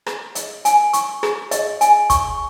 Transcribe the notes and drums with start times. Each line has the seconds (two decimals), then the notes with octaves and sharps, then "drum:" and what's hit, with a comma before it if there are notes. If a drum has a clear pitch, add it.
0.06 G#4, drum: rim click
0.35 D#5, drum: hi-hat
0.65 G#5, drum: hi-hat
0.93 C#6, drum: hi-hat
1.23 G#4, drum: rim click
1.51 D#5, drum: hi-hat
1.81 G#5, drum: hi-hat
2.10 C#6, drum: kick, hi-hat